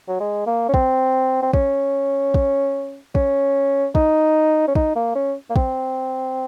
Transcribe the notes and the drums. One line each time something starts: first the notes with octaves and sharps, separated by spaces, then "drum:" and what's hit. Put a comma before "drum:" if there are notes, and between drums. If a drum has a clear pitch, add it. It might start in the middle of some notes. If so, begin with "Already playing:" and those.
F#3
G#3
A#3
C#4
C4, drum: kick
C4
C#4, drum: kick
drum: kick
C#4, drum: kick
D#4, drum: kick
C#4
D#4, drum: kick
A#3
C#4
A#3
C4, drum: kick